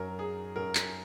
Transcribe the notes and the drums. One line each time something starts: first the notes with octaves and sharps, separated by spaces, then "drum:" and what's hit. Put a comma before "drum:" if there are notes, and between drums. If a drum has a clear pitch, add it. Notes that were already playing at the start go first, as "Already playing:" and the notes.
Already playing: F#2 F#3 A#4
G#4
F#2 F#3 A#4
drum: clap